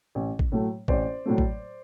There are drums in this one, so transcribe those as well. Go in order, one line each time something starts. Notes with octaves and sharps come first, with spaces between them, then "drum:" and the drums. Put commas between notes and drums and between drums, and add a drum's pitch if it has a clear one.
A1
drum: kick
A2 F#3 A3
A1 C5 D5, drum: kick
A2 F#3 A3
drum: kick